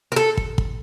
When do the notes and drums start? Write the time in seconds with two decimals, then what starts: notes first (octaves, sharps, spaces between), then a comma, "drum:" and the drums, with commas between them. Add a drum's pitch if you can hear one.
0.12 A#4
0.16 A4
0.37 drum: kick
0.58 drum: kick